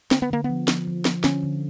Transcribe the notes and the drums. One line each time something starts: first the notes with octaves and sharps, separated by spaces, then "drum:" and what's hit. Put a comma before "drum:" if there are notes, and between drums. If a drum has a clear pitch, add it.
D3 C4, drum: snare
B3
D3 A#3
B3
F3
F3, drum: snare
F3
F3, drum: snare
D3 C#4, drum: snare
D3